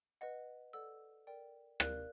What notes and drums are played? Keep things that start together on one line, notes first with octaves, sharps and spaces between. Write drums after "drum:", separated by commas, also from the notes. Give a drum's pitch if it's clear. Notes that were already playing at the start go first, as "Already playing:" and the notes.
B4 D#5 F#5
A4 D5 F#5 E6
A#4 D5 G5
A#4 D5 F5 F#6, drum: rim click